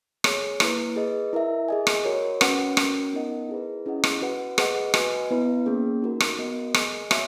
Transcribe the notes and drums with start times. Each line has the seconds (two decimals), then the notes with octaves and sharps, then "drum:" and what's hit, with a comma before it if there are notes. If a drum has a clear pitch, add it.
0.24 G#4 C#5 G#5, drum: rim click
0.60 A#3 E4 B4, drum: rim click
0.96 G#4 B4 D#5
1.33 E4 A#4 E5
1.68 G#4 D#5 G#5
1.87 drum: rim click
2.05 F#4 A#4 C#5
2.41 C#4 F#4 B4 F#5, drum: rim click
2.77 C#4 F#4 A#4, drum: rim click
3.13 B3 D#4 A#4 D#5 F#5
3.49 E4 G#4 B4
3.86 C#4 E4 G#4 D#5 F#5
4.04 drum: rim click
4.22 F#4 B4 F#5
4.58 G#4 B4 D#5 F#5, drum: rim click
4.94 F#4 B4 D#5 G#5, drum: rim click
5.31 B3 E4 B4
5.66 A#3 C#4 G#4
6.02 D#4 F#4 A#4
6.20 drum: rim click
6.38 B3 F#4 A#4 D#5
6.74 G#4 D#5 G#5, drum: rim click
7.11 F#4 C#5 E5 G#5, drum: rim click